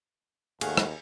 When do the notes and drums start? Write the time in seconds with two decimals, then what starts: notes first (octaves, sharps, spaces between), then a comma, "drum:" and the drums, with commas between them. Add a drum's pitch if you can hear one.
0.61 D#2 A3 F#4 G#4 F5, drum: cymbal
0.77 drum: rim click